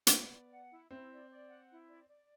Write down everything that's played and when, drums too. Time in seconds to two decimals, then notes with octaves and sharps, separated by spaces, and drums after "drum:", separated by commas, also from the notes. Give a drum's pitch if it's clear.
0.07 A#3, drum: hi-hat
0.12 B3 D5
0.32 D5
0.52 F#5
0.71 E4
0.90 C4 E4
1.11 D5
1.30 D5
1.49 F#5
1.70 E4
1.89 D5
2.08 D5